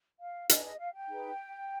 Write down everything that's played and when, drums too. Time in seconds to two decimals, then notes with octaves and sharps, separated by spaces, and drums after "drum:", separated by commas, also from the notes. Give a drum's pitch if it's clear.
0.20 F5
0.49 D4 G#4 B4 D#5, drum: hi-hat
0.65 D#5
0.79 F5
0.94 G5
1.09 D#4 G#4 B4